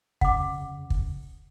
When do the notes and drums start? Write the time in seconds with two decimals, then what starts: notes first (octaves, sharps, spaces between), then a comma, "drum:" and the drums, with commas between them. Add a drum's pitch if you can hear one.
0.21 F2 C#3 F#5 D6, drum: kick
0.90 drum: kick